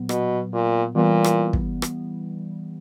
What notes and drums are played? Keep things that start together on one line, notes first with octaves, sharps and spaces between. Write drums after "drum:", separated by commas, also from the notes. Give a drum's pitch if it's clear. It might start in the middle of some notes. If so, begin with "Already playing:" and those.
Already playing: A#2 F#3 B3
B2, drum: rim click
A#2
A#2 E3 G3 B3
drum: rim click
drum: kick
drum: rim click